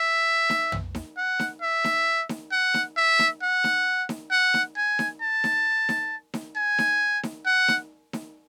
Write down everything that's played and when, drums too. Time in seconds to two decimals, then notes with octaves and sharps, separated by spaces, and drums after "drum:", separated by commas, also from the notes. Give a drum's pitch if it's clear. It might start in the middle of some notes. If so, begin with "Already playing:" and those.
Already playing: E5
0.50 drum: snare D#4
0.72 drum: tom
0.95 drum: snare D#4
1.17 F#5
1.39 drum: snare D#4
1.61 E5
1.84 drum: snare D#4
2.29 drum: snare D#4
2.52 F#5
2.74 drum: snare D#4
2.97 E5
3.19 drum: snare D#4
3.42 F#5
3.64 drum: snare D#4
4.09 drum: snare D#4
4.31 F#5
4.54 drum: snare D#4
4.77 G#5
4.99 drum: snare D#4
5.22 A5
5.44 drum: snare D#4
5.89 drum: snare D#4
6.34 drum: snare D#4
6.56 G#5
6.79 drum: snare D#4
7.23 drum: snare D#4
7.46 F#5
7.68 drum: snare D#4
8.13 drum: snare D#4